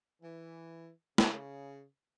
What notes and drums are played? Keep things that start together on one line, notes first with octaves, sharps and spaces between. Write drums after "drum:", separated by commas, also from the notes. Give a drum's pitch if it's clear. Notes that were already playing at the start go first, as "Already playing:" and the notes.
E3
C#3, drum: snare